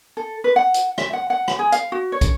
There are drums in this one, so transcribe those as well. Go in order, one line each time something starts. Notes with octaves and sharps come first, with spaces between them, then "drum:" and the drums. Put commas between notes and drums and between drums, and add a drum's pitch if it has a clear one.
A4
B4
F#5
drum: hi-hat
E5, drum: rim click
F#5
F#5
drum: rim click
G#4
F5, drum: hi-hat
F#4
C#5
drum: kick, hi-hat